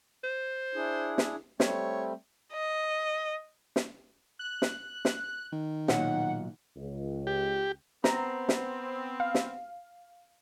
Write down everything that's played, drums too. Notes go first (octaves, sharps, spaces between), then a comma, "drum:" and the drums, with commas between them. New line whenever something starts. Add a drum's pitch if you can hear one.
C5
D4 E4 G#4
drum: snare
G3 A3 C4 C#5, drum: snare
D#5
drum: snare
F#6
drum: snare
drum: snare
D#3
B1 G2 A#2 F#5, drum: snare
C#2
G4
B3 C4 A#5, drum: snare
drum: snare
F5
drum: snare